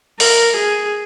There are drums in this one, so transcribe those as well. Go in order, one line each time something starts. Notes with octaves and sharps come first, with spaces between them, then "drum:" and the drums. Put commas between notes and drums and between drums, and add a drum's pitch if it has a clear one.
A#4, drum: open hi-hat
G#4